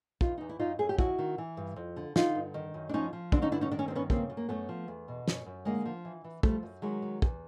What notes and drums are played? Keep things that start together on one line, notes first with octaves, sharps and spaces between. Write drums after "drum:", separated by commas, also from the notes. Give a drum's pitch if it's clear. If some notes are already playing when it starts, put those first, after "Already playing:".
E2 D#4 F4, drum: kick
E2 D#4
E4
F#2 D#4 F4
F#2 G#4
G4
D#3 E4 F#4, drum: kick
D#3
E3
G2
F2
D3
D3 D#4 F4, drum: snare
G2
D#3
F#2
D4
F3 C#4 D#4
F3
D3 C4 D4, drum: kick
C#4 D#4
G2 D4 E4
C#4 D#4
D#3 D4
C#4
G2 C4
B3 C#4
C#3 A#3 C4, drum: kick
F#2
A#3
F#2 A3 B3
F3
E2
B2
F#2, drum: snare
F#2
D3 G#3 A#3
F3
E3
E3
F3 G3 A3, drum: kick
F#2
D#3 F#3 G#3
D#3
E2, drum: kick